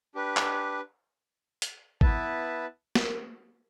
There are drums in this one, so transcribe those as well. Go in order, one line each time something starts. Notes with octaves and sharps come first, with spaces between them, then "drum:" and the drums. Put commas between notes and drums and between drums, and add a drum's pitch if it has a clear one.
D4 G4 B4
drum: clap
drum: hi-hat
B3 E4 B4 E5 A5, drum: kick G#1
drum: snare